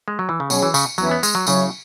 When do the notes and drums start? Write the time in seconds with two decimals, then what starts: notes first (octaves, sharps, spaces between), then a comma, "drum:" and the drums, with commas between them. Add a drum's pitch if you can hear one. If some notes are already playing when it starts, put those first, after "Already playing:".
0.08 G#3
0.19 F#3
0.29 E3
0.40 C#3
0.50 B2 F#3 C#4 G#4 C#5, drum: tambourine
0.63 E3
0.74 C#3, drum: tambourine
0.98 E2 E3 F#3 C#4 E4, drum: tambourine
1.11 B3
1.23 G#3, drum: tambourine
1.35 F#3
1.47 C#3 F#3 C#4 E4 C#5, drum: tambourine